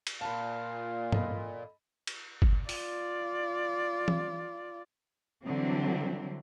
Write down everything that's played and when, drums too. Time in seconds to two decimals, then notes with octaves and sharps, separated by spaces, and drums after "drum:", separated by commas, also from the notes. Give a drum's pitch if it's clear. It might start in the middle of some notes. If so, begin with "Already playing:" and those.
0.07 drum: cymbal
0.21 A#2 F5 A5 B5
1.12 A4 D#5 B5, drum: tom
2.07 drum: cymbal
2.42 drum: kick G1
2.69 F4 D5, drum: open hi-hat
4.08 drum: tom E3
5.44 D3 E3 F#3 G3 C4